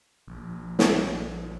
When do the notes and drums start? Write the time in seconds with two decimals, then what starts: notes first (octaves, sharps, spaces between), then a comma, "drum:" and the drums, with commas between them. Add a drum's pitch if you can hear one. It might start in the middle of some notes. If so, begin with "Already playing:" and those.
0.28 A#1
0.79 drum: snare